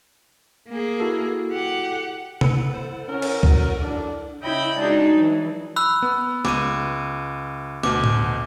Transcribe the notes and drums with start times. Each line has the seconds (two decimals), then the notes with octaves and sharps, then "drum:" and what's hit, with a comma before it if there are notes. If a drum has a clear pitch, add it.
0.69 A#3 G#4
1.00 E4 F#4 A4
1.51 G4 F#5
2.41 B3 E4 A4 F#5, drum: tom C3
2.73 C5
3.09 C#4 A#4
3.22 drum: cymbal
3.43 F#3, drum: kick C2
3.81 D4 D5
4.42 C#3 E4 D#5 G5 B5 G6
4.78 G#3 D4 D#4 F#4 G#4
5.15 E3 F#3
5.76 B5 E6 F#6
6.02 B3
6.45 C#2 D6 D#7, drum: snare
7.83 D2 B2 D6, drum: snare
8.04 drum: tom A2